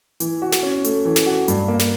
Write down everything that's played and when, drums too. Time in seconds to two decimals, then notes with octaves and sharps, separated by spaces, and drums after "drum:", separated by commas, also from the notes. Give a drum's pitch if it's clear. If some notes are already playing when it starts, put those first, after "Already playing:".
0.20 E3, drum: hi-hat
0.42 F#4
0.52 drum: snare
0.63 C#4
0.84 A3, drum: hi-hat
1.05 E3
1.16 drum: snare
1.26 F#4
1.48 G2, drum: hi-hat
1.68 A#3
1.79 drum: snare